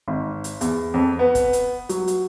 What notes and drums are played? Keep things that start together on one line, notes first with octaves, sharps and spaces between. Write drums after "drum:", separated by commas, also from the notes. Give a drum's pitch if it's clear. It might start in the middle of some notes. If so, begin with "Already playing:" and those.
G#1
drum: hi-hat
E2, drum: hi-hat
F2
B3
drum: kick, hi-hat
drum: hi-hat
F#3, drum: hi-hat
drum: hi-hat